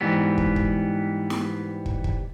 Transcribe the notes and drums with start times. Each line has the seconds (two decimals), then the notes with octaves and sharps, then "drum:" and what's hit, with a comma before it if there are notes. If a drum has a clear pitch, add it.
0.01 G#2 E3 G3 B3
0.38 drum: kick
0.56 drum: kick
1.30 drum: snare
1.86 drum: kick
2.04 drum: kick